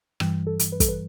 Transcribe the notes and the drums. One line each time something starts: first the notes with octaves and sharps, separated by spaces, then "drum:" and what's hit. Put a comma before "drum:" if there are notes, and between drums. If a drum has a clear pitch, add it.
G2 E3 G3 G5, drum: rim click
A4
drum: hi-hat
B4
A4, drum: kick, hi-hat
B4